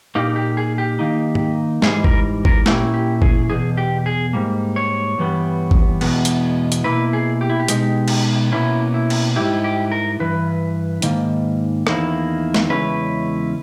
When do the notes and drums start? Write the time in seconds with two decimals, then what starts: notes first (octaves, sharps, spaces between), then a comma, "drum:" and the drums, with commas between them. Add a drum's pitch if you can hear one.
0.15 A#2 A#3 D#4 G4
0.36 G4
0.57 G#4
0.78 G4
0.99 D#3 A#3 D#4
1.35 drum: tom G#2
1.82 G#2 E3 G3 G#4, drum: snare
2.04 A#4, drum: kick
2.45 A#4, drum: kick
2.66 A#2 A#3 C#4 E4 G4, drum: snare
2.94 G4
3.22 G#4, drum: kick
3.50 E2 B2 G#4
3.77 G4
4.06 G#4
4.33 G#2 G3 A#3
4.76 C#5
5.18 G2 E3 G3 B3
5.71 drum: kick
6.01 E2 B2 G#3 B3, drum: cymbal
6.25 drum: hi-hat
6.72 drum: hi-hat
6.84 B2 A#3 E4 B4
7.13 G#4
7.41 G4
7.50 E4
7.60 G4
7.68 B2 G#3 D#4, drum: hi-hat
8.08 drum: cymbal
8.52 B2 A#3 C#4 E4
8.94 E4
9.10 drum: cymbal
9.36 G#2 G3 A#3 E4 G4
9.64 G4
9.92 A#4
10.20 G2 E3 B4
11.02 G#2 D#3 A#3, drum: hi-hat
11.87 E2 D#3 A#3 E4, drum: rim click
12.54 drum: snare
12.70 E2 C#3 G#3 C#4 E4 B4